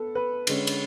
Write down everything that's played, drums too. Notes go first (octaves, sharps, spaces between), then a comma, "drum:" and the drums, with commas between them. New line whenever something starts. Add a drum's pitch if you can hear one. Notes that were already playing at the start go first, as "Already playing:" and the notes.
Already playing: B3 A4
B4
D3 G#3 C#4, drum: cymbal
drum: cymbal